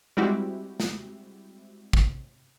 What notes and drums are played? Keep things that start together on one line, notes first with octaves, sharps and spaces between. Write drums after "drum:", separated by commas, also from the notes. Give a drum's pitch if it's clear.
G3 G#3 C4 E4 F#4 G4
drum: snare
drum: kick